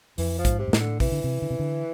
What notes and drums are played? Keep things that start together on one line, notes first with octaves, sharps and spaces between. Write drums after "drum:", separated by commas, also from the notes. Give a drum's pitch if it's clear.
F2 E3, drum: open hi-hat
F3
G#2, drum: kick, hi-hat
C3
G#2
A2, drum: snare
D3
C3 E3, drum: kick, open hi-hat
D3
C3
D3
C3
D3